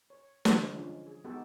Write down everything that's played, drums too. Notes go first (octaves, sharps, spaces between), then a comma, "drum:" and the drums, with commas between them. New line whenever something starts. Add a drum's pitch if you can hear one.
C#5
D3 E3 G3 G#3 D4, drum: snare
F3 G#3 C#4 D4 F4
G#4
G#3 B3 D#4 F#4 G4 A4